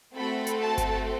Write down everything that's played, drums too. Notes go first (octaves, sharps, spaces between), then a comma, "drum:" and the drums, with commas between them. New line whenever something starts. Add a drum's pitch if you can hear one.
A3 C4 F#4 A4 B5
drum: hi-hat
A5
drum: kick G1, hi-hat